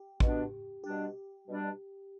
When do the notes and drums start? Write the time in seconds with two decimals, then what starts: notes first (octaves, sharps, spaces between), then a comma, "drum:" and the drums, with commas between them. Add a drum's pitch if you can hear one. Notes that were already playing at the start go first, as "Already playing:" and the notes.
Already playing: G4
0.20 B2 B3 D4, drum: kick A1
0.83 B2 G3 D4 G4
1.47 B2 G3 D4